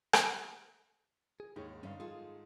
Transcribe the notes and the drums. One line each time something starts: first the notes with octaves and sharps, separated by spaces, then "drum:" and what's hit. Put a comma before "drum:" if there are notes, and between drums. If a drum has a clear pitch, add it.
drum: rim click
G#4
D#2 G#2 D#3 G4 G#4 C#5
G2 D3 C#4 E5 F5
F4 G#4 A4